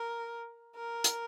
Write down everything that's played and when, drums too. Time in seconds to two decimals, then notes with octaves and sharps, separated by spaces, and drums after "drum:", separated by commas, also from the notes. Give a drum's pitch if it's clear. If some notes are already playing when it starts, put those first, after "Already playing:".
Already playing: A#4
0.76 A#4
1.04 drum: hi-hat